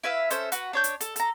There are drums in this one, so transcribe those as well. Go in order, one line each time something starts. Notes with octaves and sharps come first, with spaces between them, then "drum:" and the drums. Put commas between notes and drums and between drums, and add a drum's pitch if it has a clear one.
E4 B4 E5 F5
C#4 A4 C5 E5, drum: hi-hat
F#4 B4, drum: hi-hat
D4 C#5 G6
drum: hi-hat
A4, drum: hi-hat
A4 A#5, drum: hi-hat